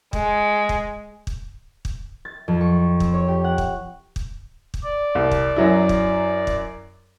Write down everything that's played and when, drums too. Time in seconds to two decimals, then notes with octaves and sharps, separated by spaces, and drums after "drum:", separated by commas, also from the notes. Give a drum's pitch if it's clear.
0.13 G#3, drum: kick
0.69 drum: kick
1.27 drum: kick
1.85 drum: kick
2.25 A6
2.48 F2
2.61 C#6
3.00 C4, drum: kick
3.14 C#5
3.28 G4
3.44 F#5
3.58 drum: kick
4.16 drum: kick
4.74 drum: kick
4.83 D5
5.15 C2
5.31 drum: kick
5.56 F#2 F#3 E4
5.89 drum: kick
6.47 drum: kick